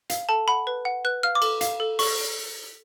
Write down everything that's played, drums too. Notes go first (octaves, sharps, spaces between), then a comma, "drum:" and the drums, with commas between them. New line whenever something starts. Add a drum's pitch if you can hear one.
F5, drum: hi-hat
A4 A5
F#5 B5
B4
F#5
B4 F#6
F5 F6
D6
A4, drum: cymbal
F5, drum: hi-hat
A4
A4 C#6, drum: open hi-hat